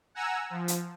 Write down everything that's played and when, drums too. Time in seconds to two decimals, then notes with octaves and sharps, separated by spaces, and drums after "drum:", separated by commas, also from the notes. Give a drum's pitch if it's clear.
0.15 F#5 G#5 A#5 E6
0.50 F3
0.68 drum: hi-hat